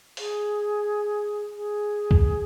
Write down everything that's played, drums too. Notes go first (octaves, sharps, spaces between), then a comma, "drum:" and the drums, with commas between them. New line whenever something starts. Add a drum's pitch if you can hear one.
G#4, drum: open hi-hat
G#4
drum: kick